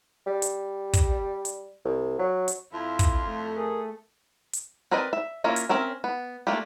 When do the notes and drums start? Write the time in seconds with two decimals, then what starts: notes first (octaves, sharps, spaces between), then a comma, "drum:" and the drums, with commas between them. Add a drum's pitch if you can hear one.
0.27 G3
0.42 drum: hi-hat
0.93 drum: kick, hi-hat
1.45 drum: hi-hat
1.85 C2
2.19 F#3
2.48 drum: hi-hat
2.73 F2 E4 F4
2.99 drum: kick, hi-hat
3.26 A3
3.57 G#4 A#4
4.53 drum: hi-hat
4.91 C4 A#4 B4 D5 D#5
5.13 E5
5.44 A#3 C#4 E4 F4 A#4
5.56 drum: hi-hat
5.69 C4 C#4 A#4 E5
6.04 B3
6.47 A3 A#3 D4 F4 G4